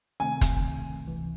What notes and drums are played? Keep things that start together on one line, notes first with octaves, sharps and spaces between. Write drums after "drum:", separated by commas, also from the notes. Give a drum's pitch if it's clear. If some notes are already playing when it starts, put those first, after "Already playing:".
C3 D#3 A3 C4 G#5
drum: kick, hi-hat
C#2 C3 E3